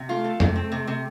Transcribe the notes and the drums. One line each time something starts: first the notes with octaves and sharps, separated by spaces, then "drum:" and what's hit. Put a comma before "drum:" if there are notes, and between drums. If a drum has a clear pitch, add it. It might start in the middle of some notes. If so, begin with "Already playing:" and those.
Already playing: C3
A3 F4
A4
C3 A3, drum: tom F2
C4
C3
C3